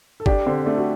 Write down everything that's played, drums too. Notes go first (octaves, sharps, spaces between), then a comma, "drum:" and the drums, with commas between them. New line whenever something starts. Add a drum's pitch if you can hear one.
A4
D4 G4, drum: kick
D3 C4
A3 D4
F#4